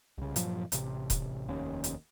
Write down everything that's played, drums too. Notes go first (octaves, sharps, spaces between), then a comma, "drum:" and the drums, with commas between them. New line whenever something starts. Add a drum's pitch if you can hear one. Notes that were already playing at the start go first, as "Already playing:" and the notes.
C2 C#3
G2 A#2 F3 F#3, drum: hi-hat
A1 C3, drum: hi-hat
drum: kick D#1, hi-hat
F1 D#2 C#4
drum: hi-hat